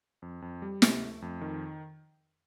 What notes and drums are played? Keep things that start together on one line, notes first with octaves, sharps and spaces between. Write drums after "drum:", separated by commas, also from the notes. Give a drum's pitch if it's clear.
F2
F2
G3
C3, drum: snare
A3
F2
D#3